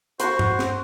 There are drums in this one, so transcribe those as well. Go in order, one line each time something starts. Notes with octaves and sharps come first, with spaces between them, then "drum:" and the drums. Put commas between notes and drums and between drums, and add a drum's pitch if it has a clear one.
F#4 C5 C6 C#6, drum: hi-hat
drum: tom G2
drum: snare